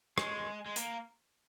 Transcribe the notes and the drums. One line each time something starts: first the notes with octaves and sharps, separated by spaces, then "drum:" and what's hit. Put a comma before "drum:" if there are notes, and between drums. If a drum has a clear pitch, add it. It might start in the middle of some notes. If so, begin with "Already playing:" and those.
G#3, drum: rim click
G#3
A#3, drum: hi-hat